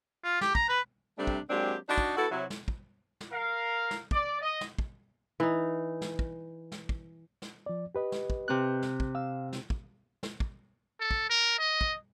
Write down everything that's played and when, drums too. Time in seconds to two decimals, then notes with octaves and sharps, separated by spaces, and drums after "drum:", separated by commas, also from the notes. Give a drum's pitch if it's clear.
0.24 F4
0.41 G4, drum: snare
0.55 A#5, drum: kick
0.69 B4
1.18 C3 G3 A3 C4 D4
1.27 drum: kick
1.49 F#3 G#3 A#3 C4 D4 G4
1.88 D4 D#4 F#4
1.98 drum: kick
2.17 B3 E4 F#4 A4
2.31 C3 F#3 E4
2.50 drum: snare
2.68 drum: kick
3.21 drum: snare
3.31 A#4 F5
3.91 drum: snare
4.11 D5, drum: kick
4.42 D#5
4.61 drum: snare
4.79 drum: kick
5.40 E3 D#4
6.01 drum: snare
6.19 drum: kick
6.72 drum: snare
6.89 drum: kick
7.42 drum: snare
7.66 F3 D5
7.95 G4 B4 D#5
8.12 drum: snare
8.30 drum: kick
8.48 C3 C4 F#6
8.82 drum: snare
9.00 drum: kick
9.15 F5 E6
9.53 drum: snare
9.70 drum: kick
10.23 drum: snare
10.40 drum: kick
11.00 A4
11.11 drum: kick
11.30 A#4
11.59 D#5
11.81 drum: kick